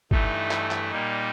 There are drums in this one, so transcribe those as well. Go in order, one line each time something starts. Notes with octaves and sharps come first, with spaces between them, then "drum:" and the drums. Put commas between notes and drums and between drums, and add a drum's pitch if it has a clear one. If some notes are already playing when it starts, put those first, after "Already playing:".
G2 E3 A3 D#4, drum: kick G1
drum: clap
drum: clap
A#2 G3 A#3 D#4